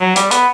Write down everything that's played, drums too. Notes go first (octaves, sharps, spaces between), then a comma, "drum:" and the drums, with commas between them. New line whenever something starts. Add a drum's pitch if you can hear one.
F#3
G3, drum: hi-hat
B3, drum: hi-hat